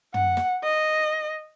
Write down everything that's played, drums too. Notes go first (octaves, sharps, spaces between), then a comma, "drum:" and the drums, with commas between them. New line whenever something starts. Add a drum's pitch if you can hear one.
F#5, drum: tom
drum: snare
D#5